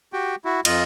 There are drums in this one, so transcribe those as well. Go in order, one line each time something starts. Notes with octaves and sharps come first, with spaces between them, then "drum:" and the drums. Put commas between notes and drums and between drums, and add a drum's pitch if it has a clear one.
F#4 G4 G5
E4 F#4
F2 F4 D#5, drum: cymbal